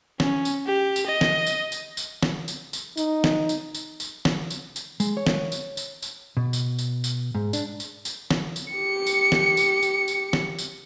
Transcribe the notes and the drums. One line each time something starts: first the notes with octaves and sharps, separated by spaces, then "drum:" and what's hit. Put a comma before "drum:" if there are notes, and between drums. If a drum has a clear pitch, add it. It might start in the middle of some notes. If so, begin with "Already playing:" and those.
C#4, drum: snare
drum: tambourine
G4
drum: tambourine
D#5
drum: snare
drum: tambourine
drum: tambourine
drum: tambourine
drum: snare
drum: tambourine
drum: tambourine
D#4, drum: tambourine
drum: snare
drum: tambourine
drum: tambourine
drum: tambourine
drum: snare
drum: tambourine
drum: tambourine
G#3, drum: tambourine
C#5
drum: snare
drum: tambourine
drum: tambourine
drum: tambourine
B2
drum: tambourine
drum: tambourine
drum: tambourine
G#2
D4, drum: tambourine
drum: tambourine
drum: tambourine
drum: snare
drum: tambourine
G4 C#7
drum: tambourine
drum: snare
drum: tambourine
drum: tambourine
drum: tambourine
drum: snare
drum: tambourine